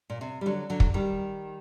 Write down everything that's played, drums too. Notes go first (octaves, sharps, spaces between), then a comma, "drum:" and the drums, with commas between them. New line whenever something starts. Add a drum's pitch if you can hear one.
A#2
C3
G3
D3 F#3
D3 F#3
drum: kick
D#3 G3